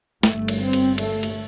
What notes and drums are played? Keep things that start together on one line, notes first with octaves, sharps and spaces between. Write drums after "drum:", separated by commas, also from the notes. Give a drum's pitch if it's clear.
G1 G2 A3, drum: snare
drum: cymbal
C4
drum: cymbal
A3, drum: cymbal
drum: cymbal